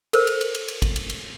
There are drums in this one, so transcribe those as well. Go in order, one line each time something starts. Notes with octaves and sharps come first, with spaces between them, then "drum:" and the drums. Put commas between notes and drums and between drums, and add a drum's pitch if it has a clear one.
A4 A#4 C5, drum: cymbal
drum: cymbal
drum: cymbal
drum: cymbal
drum: cymbal
drum: kick, cymbal
drum: cymbal
drum: cymbal